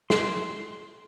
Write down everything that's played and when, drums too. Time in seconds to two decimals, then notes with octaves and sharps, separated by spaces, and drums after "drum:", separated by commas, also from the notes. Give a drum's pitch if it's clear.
0.10 C6, drum: snare